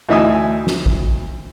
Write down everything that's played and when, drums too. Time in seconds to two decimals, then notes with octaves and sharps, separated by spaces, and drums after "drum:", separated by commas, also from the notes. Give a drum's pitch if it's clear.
0.09 D2 E3 D#4 E5 G#5 D#6
0.67 drum: snare
0.86 drum: kick